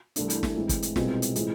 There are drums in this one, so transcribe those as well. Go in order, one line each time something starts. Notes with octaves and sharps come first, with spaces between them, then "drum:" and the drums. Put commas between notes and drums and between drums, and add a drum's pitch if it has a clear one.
C2 C3 E3 A3 D4, drum: hi-hat
drum: hi-hat
drum: snare
A2 E3 G#3 C4
drum: kick, hi-hat
drum: hi-hat
C2 B2 G#3 C4 F4, drum: snare
drum: hi-hat
A2 E3 G#3 C4 F4, drum: hi-hat